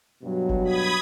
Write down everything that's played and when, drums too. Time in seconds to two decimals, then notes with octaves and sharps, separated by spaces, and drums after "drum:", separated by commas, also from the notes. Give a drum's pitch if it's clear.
0.22 G2 B2 F#3
0.49 drum: kick F#1
0.64 B5 D#6 G#6